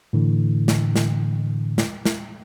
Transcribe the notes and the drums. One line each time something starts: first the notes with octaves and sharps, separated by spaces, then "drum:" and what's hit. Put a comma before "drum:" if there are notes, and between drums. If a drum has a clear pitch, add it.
A2 D3 E3
drum: snare
drum: snare
drum: snare
drum: snare